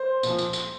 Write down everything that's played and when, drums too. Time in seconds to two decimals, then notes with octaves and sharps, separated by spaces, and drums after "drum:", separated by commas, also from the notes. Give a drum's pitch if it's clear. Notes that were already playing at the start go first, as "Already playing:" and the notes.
Already playing: C5
0.23 A#2 F3, drum: tambourine
0.39 drum: tambourine
0.53 drum: tambourine